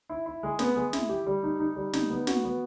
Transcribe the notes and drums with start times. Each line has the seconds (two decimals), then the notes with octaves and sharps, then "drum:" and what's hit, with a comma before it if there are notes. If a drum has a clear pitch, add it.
0.09 E4
0.26 E4
0.43 G#3
0.59 B3, drum: snare
0.76 G#3
0.93 E4, drum: snare
1.09 G4
1.26 G3
1.43 D#4
1.59 D#4
1.76 G3
1.93 D#4, drum: snare
2.10 B3
2.27 F#4, drum: snare
2.44 B3